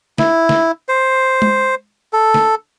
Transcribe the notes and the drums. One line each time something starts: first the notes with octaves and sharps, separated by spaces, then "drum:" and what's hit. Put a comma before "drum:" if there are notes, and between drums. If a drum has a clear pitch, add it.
E4, drum: snare
drum: snare
C5
drum: tom G#3
A4
drum: snare